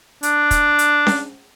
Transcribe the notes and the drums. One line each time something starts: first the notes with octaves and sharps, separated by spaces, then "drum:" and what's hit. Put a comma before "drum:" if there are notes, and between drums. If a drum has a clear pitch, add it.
D4, drum: hi-hat
drum: kick, hi-hat
drum: hi-hat
drum: snare C#4